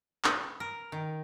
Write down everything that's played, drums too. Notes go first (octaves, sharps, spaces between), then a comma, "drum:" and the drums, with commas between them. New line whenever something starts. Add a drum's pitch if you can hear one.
B4, drum: clap
A#4
D#3